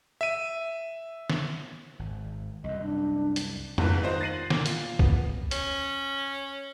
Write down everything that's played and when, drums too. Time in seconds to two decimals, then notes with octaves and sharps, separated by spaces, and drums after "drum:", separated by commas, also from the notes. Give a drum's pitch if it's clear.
0.21 E5 D#7
1.30 drum: snare
1.99 G#1
2.64 C2 F#2 D#5
2.82 D4
3.36 drum: hi-hat
3.78 F#1 E2 G#2 F4 B4 F#6, drum: tom F2
4.02 D#3 D#4 F4 C5
4.21 A6 A#6 C7 D#7 F#7
4.50 A#2, drum: snare
4.66 F4, drum: hi-hat
4.99 B3, drum: kick
5.51 C#4, drum: hi-hat